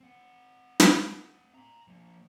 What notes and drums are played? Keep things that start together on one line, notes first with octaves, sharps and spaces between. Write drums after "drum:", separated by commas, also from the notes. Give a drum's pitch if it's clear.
C4 F#5
drum: snare
A#5 C6
F3 A#3